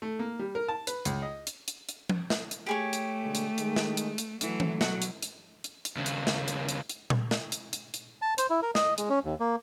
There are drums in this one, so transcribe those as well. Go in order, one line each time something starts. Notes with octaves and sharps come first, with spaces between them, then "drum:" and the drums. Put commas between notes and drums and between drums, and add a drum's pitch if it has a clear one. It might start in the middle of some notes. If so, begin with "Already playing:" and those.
A3
A#3
G3
A#4
A5
B4, drum: hi-hat
C#2, drum: hi-hat
D#5
drum: hi-hat
drum: hi-hat
drum: hi-hat
drum: tom F3
drum: snare
drum: hi-hat
A3 G4 G#4 C#5
drum: hi-hat
B2 D3 G#3
drum: hi-hat
D#3 G#3, drum: hi-hat
drum: snare
drum: hi-hat
drum: hi-hat
E3 F#3 A3, drum: hi-hat
drum: tom E3
B2 F#3 F#4, drum: snare
drum: hi-hat
drum: hi-hat
drum: hi-hat
drum: hi-hat
D#2 C#3
drum: hi-hat
drum: snare
drum: hi-hat
drum: hi-hat
drum: hi-hat
drum: tom A#2
drum: snare
drum: hi-hat
drum: hi-hat
drum: hi-hat
A5
C5, drum: hi-hat
E4
A#4
D#5, drum: snare
G#3, drum: hi-hat
C#4
D#2
A#3